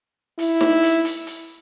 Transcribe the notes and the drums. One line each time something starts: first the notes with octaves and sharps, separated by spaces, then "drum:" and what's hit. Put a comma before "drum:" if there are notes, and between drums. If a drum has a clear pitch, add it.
E4, drum: hi-hat
drum: snare D#4
drum: hi-hat
drum: hi-hat
drum: hi-hat